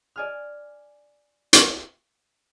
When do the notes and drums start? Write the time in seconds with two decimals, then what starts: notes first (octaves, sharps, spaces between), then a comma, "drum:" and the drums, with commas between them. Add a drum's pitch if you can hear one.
0.16 D5 G#5 F6
1.53 drum: hi-hat